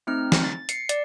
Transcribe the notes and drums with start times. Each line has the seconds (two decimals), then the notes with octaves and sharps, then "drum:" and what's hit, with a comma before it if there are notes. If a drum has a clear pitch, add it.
0.07 A3 C4 D#4 F6
0.32 drum: snare
0.44 A6
0.69 C7 C#7, drum: hi-hat
0.89 D5, drum: hi-hat